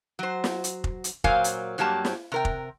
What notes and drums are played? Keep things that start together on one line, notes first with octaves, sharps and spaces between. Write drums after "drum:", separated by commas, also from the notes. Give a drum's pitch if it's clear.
F#3 C5
drum: snare
drum: hi-hat
drum: kick F1
drum: hi-hat
A#2 F#3 A#4 C5 F5 G#5, drum: kick F1
drum: hi-hat
G2 F#3 A#3 G4 A5
drum: snare
C3 A#4 G5
drum: kick F1